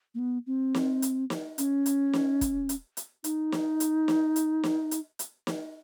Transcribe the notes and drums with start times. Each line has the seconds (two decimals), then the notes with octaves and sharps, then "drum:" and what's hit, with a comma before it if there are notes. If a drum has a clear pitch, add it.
0.14 A#3
0.19 B3
0.47 C4
0.75 drum: snare
1.02 drum: hi-hat
1.30 drum: snare
1.58 C#4, drum: hi-hat
1.86 drum: hi-hat
2.13 drum: snare
2.41 drum: kick, hi-hat
2.69 drum: hi-hat
2.97 drum: hi-hat
3.24 D#4, drum: hi-hat
3.52 drum: snare
3.80 drum: hi-hat
4.08 drum: snare
4.36 drum: hi-hat
4.64 drum: snare
4.91 drum: hi-hat
5.19 drum: hi-hat
5.47 drum: snare